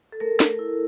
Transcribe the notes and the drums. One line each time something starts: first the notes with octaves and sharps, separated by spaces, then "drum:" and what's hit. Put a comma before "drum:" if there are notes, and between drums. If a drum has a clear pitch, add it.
A4
A3 A#4
drum: snare
E4